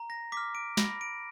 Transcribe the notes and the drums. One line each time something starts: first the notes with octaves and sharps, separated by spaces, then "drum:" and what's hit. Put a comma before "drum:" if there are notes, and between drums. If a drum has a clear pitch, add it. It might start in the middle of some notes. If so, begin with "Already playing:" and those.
Already playing: A#5
A#6
D6 F6 B6
D7
B5 A#6, drum: snare
D7